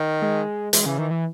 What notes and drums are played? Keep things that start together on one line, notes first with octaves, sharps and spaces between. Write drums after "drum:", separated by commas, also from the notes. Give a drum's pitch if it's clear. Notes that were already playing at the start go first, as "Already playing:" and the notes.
Already playing: D#3
G#3
E3 G#3, drum: hi-hat
D#3
C#3 E3
D#3 E3
E3